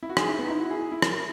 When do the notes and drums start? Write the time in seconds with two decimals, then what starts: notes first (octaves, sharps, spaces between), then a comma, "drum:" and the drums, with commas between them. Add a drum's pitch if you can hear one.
0.03 E4
0.09 F#4
0.17 D#4 G#4, drum: rim click
0.28 E4
0.39 B3 D#4
0.49 E4
0.59 E4 F#4
0.70 G#4
0.81 G#4
0.92 E4
1.02 E4 A#4, drum: rim click